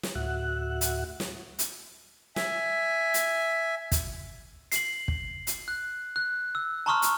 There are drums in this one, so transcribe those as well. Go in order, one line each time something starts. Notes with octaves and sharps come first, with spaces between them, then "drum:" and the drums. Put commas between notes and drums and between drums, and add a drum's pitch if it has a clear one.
drum: snare
D2 A2 F#4 E5 F#5 F#6
drum: hi-hat
drum: snare
drum: hi-hat
E5 G#5, drum: snare
drum: hi-hat
drum: kick, hi-hat
C7 F#7, drum: hi-hat
drum: kick
drum: hi-hat
F#6
F#6
E6
A5 A#5 C6 C#6 D#6 F6
drum: hi-hat